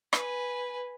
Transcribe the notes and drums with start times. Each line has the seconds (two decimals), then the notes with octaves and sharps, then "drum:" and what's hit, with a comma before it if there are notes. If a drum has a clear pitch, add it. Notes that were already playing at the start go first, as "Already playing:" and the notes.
0.13 B4 G#5, drum: rim click